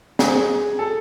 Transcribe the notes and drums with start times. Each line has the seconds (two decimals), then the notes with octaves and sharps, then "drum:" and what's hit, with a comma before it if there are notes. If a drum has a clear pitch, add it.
0.19 G#4, drum: snare
0.79 A4